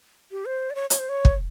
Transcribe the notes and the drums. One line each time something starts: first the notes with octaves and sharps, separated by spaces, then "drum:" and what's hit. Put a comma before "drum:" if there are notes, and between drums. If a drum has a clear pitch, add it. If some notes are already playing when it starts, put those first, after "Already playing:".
G4
C5
D5
C#5
C#5, drum: hi-hat
C5
C#5
drum: kick